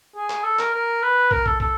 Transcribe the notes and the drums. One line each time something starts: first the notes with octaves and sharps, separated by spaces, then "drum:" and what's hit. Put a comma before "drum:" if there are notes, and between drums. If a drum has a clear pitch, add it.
G#4
drum: clap
A4
A#4, drum: clap
A#4
B4
A#4, drum: kick
A4, drum: kick
A4, drum: kick